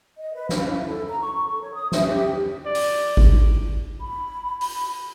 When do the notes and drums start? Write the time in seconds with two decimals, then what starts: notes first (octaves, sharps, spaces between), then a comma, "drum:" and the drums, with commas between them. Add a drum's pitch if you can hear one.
0.18 D#5
0.34 B4
0.49 F5, drum: snare
0.66 E4
0.87 A4
1.08 A#5
1.21 C#6
1.47 A4
1.61 C#5
1.74 D#6
1.92 E5, drum: snare
2.06 G4
2.66 D5
2.75 drum: open hi-hat
3.17 drum: kick G#1
4.01 B5
4.61 drum: open hi-hat